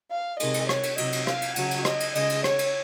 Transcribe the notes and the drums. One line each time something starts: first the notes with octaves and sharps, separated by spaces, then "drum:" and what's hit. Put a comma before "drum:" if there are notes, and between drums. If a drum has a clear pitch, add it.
F5
C3 D#3 G#3 D#5, drum: cymbal
drum: cymbal
C#5, drum: rim click
drum: cymbal
C3 F#3 D#5, drum: cymbal
drum: cymbal
F5, drum: rim click
drum: cymbal
C#3 F#3 F#5, drum: cymbal
drum: cymbal
D#5, drum: rim click
drum: cymbal
C#3 G#3 D#5, drum: cymbal
drum: cymbal
C#5, drum: rim click
drum: cymbal